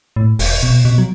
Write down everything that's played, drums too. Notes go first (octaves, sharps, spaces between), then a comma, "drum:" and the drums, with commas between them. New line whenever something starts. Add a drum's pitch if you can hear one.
A2
E1, drum: open hi-hat
B2
B2
F#3